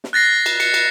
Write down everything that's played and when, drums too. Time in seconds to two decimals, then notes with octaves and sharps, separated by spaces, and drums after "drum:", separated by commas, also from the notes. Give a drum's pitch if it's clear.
0.04 drum: snare
0.13 F#6 A6 A#6 C7
0.46 drum: cymbal
0.60 C#7, drum: cymbal
0.74 drum: cymbal